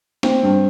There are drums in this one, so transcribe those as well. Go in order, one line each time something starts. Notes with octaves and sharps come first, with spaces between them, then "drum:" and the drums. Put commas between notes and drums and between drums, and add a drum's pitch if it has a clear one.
C4, drum: snare
G2